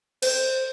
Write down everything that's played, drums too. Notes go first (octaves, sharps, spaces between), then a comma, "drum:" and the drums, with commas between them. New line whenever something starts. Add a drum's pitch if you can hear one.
C5, drum: cymbal